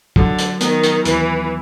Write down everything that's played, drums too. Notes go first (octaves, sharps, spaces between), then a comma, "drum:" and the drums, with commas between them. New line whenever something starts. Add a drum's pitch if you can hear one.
D3 F#3, drum: kick
drum: hi-hat
D#3 B3, drum: hi-hat
drum: hi-hat
D#2 E3, drum: hi-hat